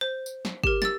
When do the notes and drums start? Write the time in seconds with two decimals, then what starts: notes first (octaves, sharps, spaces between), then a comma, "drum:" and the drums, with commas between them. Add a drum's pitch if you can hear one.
0.01 C5
0.26 drum: tambourine
0.45 drum: snare
0.64 G4 A#4, drum: kick
0.82 E6 A6, drum: snare